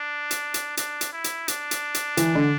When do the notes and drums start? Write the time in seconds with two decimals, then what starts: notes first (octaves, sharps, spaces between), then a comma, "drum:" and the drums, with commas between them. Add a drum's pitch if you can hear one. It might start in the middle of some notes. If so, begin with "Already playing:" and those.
Already playing: D4
0.31 drum: hi-hat
0.54 drum: hi-hat
0.77 D4, drum: hi-hat
1.01 drum: hi-hat
1.12 E4
1.24 drum: hi-hat
1.48 D4, drum: hi-hat
1.71 drum: hi-hat
1.94 drum: hi-hat
2.17 E3, drum: hi-hat
2.35 D3